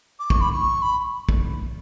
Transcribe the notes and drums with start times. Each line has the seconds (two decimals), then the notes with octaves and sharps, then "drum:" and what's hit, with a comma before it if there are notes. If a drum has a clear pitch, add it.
0.19 D6
0.30 C#6, drum: kick
0.41 B5
0.52 C#6
0.82 B5
1.29 drum: kick